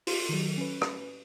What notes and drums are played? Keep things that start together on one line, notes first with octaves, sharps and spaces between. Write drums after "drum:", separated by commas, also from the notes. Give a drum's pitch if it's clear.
F4 C6, drum: open hi-hat
D#3 F#3
C#4 B4
drum: rim click